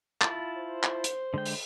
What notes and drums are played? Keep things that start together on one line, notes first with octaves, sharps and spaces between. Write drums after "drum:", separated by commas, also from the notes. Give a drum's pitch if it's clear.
E4 F4 A5, drum: clap
C5
drum: clap
drum: hi-hat
D3 G#3 G5
drum: open hi-hat